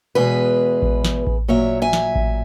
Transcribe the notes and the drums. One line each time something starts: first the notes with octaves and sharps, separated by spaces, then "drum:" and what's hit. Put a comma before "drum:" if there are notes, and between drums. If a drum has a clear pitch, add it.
E2 B2 G#3 G#4 B4
drum: kick A1
drum: snare
drum: kick A1
A#2 F#3 C#5 E5
E5 G#5
drum: snare
drum: kick A1